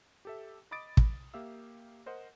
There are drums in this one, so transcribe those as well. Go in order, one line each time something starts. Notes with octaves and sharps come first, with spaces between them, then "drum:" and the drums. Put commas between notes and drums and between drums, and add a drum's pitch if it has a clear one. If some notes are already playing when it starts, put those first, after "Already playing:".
G4 A4 E5
D#5 B5 D6 D#6 A6 D7
drum: kick
A#3 G4 E5 F5 E6
A#4 C5 D#5 F#5